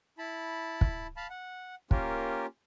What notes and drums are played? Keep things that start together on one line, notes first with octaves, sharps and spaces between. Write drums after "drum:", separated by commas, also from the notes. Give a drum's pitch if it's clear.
E4 A5 B5
drum: kick
F5 A5 B5
F#5
A#3 C#4 F4 G4 A#4, drum: kick